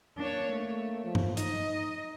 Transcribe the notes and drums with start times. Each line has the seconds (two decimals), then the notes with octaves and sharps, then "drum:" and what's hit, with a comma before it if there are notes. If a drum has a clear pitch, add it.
0.18 A#3 D4 C#5
0.51 A3
1.04 F3
1.15 drum: tom G2
1.37 D#4 D#5, drum: hi-hat